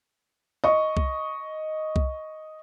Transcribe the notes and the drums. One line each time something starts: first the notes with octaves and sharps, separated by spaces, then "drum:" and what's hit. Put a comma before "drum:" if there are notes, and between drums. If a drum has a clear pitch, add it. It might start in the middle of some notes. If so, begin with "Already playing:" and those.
D#5 C#6
drum: kick C2
drum: kick C2